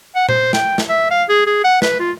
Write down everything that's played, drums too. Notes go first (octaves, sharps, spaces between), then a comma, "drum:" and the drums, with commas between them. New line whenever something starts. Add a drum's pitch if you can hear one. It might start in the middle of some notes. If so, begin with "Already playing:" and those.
F#5
C5, drum: tom A#2
G5, drum: snare
drum: snare
E5
F5
G#4
G#4
F#5
B4, drum: snare
F4